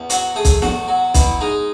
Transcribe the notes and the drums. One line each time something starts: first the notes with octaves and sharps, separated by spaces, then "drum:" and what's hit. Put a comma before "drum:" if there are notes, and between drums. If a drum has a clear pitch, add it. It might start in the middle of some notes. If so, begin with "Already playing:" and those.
Already playing: E2
F#3 F#4, drum: hi-hat
A3 G#4
drum: kick, hi-hat
E2 F#4, drum: snare
F#3
B2 E4, drum: kick, hi-hat
G#3 D#4